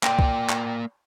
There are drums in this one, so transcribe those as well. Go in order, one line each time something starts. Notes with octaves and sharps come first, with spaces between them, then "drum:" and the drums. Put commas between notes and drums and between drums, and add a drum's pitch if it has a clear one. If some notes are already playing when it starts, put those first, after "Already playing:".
A#3 D5 G5, drum: clap
drum: kick C2
drum: clap